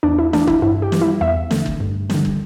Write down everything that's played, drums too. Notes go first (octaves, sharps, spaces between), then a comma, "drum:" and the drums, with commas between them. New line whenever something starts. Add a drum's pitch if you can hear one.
E2 D4
E4
E3 A3 D4, drum: snare
E4, drum: kick
G2 E4
G4
E3 G3, drum: snare
E4
E2 E5
D3 A3, drum: snare
drum: kick
G2
D3 G3, drum: snare
drum: kick